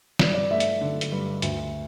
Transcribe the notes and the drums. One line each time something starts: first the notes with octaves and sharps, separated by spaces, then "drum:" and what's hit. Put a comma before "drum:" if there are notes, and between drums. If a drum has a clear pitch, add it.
G2 D5, drum: snare
D5
A3 E5
drum: hi-hat
D3
drum: hi-hat
G2
D2, drum: hi-hat